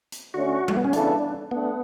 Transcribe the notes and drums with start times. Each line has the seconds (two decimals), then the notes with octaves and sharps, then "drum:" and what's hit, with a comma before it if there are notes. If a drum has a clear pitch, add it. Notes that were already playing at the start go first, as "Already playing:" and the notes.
0.12 drum: hi-hat
0.34 D3 A3 C#4 F#4
0.68 A3, drum: tom G3
0.77 B3
0.84 C#4
0.93 C#3 E3 B3 D4 E4 A4, drum: hi-hat
1.51 A3 B3 D4